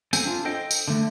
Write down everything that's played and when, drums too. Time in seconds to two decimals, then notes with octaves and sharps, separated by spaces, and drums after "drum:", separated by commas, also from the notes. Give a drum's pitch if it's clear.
0.13 C4 A4 C5 G#5, drum: tambourine
0.25 D4 F4
0.45 A4 C5 D#5 G5
0.71 drum: tambourine
0.88 D3 A3